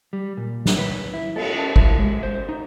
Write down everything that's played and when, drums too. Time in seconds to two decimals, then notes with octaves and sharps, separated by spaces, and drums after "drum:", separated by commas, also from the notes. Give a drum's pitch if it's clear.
0.13 G3
0.37 A#2
0.66 drum: snare
0.78 B4
1.14 E4
1.36 A4, drum: cymbal
1.59 A5
1.76 E4, drum: kick
1.99 G#3
2.23 C5
2.49 D#4